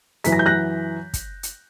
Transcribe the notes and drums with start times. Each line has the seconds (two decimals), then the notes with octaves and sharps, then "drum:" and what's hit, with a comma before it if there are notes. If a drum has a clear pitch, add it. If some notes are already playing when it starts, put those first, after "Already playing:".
0.24 F#2 E3 B6, drum: hi-hat
0.32 A#6
0.39 G6
0.46 F#6 A#6
1.13 drum: kick, hi-hat
1.43 drum: hi-hat